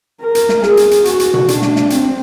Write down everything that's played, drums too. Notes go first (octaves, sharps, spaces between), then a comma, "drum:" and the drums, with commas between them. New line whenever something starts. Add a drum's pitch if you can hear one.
A#4
drum: hi-hat
drum: snare
G#4, drum: snare
drum: hi-hat
drum: hi-hat
F#4, drum: hi-hat
drum: hi-hat
drum: tom B2
D4, drum: hi-hat
drum: snare
drum: snare
C4, drum: hi-hat